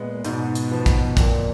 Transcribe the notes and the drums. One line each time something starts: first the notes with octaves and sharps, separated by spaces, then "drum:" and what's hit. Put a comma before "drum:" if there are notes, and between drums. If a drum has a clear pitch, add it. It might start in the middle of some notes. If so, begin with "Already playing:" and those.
Already playing: A#2 G#3 B3
G#2 B2, drum: hi-hat
drum: hi-hat
F3 B3
drum: kick, hi-hat
F2 A#2, drum: kick, hi-hat